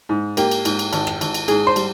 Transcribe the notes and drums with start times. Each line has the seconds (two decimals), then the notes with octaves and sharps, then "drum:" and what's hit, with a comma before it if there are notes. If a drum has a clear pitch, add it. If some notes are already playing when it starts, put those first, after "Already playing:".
0.09 G#2
0.37 A#3 G4, drum: cymbal
0.51 drum: cymbal
0.65 G#2, drum: cymbal
0.79 drum: cymbal
0.93 G#1, drum: cymbal
1.07 drum: rim click
1.21 G#1, drum: cymbal
1.34 drum: cymbal
1.48 G#2 G#4, drum: cymbal
1.67 C5
1.76 G3, drum: cymbal